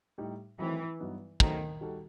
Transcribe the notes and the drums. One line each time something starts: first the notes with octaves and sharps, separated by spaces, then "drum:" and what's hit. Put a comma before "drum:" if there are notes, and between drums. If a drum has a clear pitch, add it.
A2 G3 D#4 G4
D#3 E3 F#3 A3 C4 E4
G2 F#3 B3 D#4
D#3 F#3 A3 D#4 A4 C5, drum: kick
G3 D#4 F#4 A4